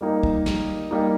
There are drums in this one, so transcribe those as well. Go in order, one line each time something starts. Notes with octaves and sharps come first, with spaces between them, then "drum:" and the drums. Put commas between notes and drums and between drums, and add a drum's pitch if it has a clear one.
G3 A#3 D#4
drum: kick
drum: snare
G3 A#3 D#4